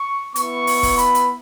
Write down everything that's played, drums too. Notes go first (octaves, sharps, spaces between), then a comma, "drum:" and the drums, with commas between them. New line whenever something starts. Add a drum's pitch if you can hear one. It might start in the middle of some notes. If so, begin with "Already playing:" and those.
Already playing: C#6
B3 E4 C#6, drum: hi-hat
drum: open hi-hat
drum: kick, open hi-hat
B5, drum: hi-hat
drum: hi-hat